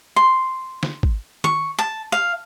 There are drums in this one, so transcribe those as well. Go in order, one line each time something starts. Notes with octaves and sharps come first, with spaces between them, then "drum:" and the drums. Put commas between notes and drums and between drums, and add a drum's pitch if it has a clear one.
C6
drum: snare
drum: kick
C#6, drum: tom D#3
A5
F5